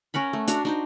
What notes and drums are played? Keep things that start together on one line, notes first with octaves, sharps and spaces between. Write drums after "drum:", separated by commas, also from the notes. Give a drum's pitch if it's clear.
C#4 A#4 F#5 B5
A3
D4 F#4 A#5, drum: hi-hat
D4 D#4 C5